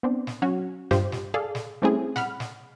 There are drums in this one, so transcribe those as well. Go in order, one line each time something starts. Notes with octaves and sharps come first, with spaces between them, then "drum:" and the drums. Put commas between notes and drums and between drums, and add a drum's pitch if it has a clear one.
B3 C4 D4
drum: snare
F#3 C#4 F#4
G2 F4 G4 C5, drum: snare
drum: snare
G#4 A4 D5 F5
drum: snare
G3 A3 C4 C#4 E4 G#4
F#5 B5 F6, drum: snare
drum: snare